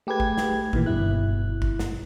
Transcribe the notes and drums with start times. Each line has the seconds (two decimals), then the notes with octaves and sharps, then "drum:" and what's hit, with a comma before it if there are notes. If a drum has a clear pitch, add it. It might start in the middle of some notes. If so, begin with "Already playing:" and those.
0.07 A3 G4 G#4 B4 G#6
0.20 drum: kick
0.38 drum: snare
0.73 A#2 D#3 E3, drum: kick
0.86 G1 G2 B2 E4 F#6
1.62 drum: kick
1.79 drum: snare